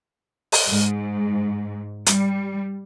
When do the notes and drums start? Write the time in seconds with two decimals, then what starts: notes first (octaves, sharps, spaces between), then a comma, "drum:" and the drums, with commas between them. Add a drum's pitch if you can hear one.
0.52 drum: open hi-hat
0.68 G#2
2.06 G3, drum: hi-hat